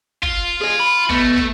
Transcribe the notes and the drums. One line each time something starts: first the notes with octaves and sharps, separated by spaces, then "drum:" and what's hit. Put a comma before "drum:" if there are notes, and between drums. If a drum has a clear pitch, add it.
F4, drum: kick
G#4 D#5
B5
B2 A3, drum: kick
drum: kick